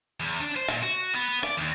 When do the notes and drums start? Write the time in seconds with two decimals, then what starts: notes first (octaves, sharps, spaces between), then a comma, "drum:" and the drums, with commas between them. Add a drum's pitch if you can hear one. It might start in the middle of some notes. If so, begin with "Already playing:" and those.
0.20 E2
0.40 D4
0.56 C5
0.69 A#2, drum: rim click
0.82 F#4
1.15 B3
1.29 B3
1.43 D5, drum: rim click
1.57 D#2